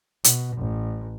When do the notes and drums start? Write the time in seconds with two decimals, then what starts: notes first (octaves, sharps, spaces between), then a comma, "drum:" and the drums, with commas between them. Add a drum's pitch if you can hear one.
0.24 B2, drum: hi-hat
0.57 A1